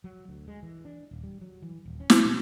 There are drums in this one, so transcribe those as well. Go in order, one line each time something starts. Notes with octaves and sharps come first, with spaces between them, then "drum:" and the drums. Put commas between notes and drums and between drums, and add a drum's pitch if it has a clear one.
F#3
D2
G#3
E3
D4
D#1
G3
F#3
E3
D#1
C#4
drum: snare
B2